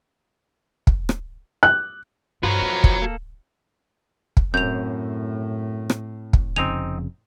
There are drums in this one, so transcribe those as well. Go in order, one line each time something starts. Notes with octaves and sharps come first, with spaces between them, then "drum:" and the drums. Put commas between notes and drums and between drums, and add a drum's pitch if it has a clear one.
drum: kick
drum: rim click
F#6
G2 F3 C#4 F#4 B4 A#5
D#4
drum: kick
A#3 A4
drum: kick
F#2 A2 C4 G6 F7
drum: rim click
drum: kick
F1 F2 C#3 C4 D#4 G#5 F7